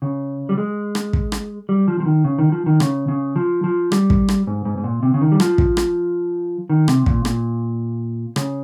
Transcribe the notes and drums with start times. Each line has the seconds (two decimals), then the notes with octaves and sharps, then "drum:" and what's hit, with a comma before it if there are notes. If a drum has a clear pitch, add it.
0.02 C#3
0.49 G3
0.58 G#3
0.95 drum: rim click
1.13 drum: kick
1.32 drum: rim click
1.69 G3
1.88 F3
2.00 F3
2.06 D#3
2.24 C#3
2.39 D#3
2.52 F3
2.66 D#3
2.80 C#3, drum: rim click
3.08 C#3
3.36 F3
3.64 F3
3.92 G3, drum: rim click
4.10 drum: kick
4.28 drum: rim click
4.47 G#2
4.65 G#2
4.78 G#2
4.84 A#2
5.03 C3
5.14 C#3
5.21 D#3
5.32 G3
5.40 F3, drum: rim click
5.58 drum: kick
5.77 drum: rim click
6.70 D#3
6.88 C3, drum: rim click
7.06 A#2, drum: kick
7.25 A#2, drum: rim click
8.36 C#3, drum: rim click